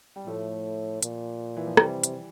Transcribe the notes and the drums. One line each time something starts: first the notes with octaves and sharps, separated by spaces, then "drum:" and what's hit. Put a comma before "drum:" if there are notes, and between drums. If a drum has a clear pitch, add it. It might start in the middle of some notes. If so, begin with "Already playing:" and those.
G3
A2 F3 A3
A#2, drum: hi-hat
E3
F3
C3 E3 G3, drum: rim click
drum: hi-hat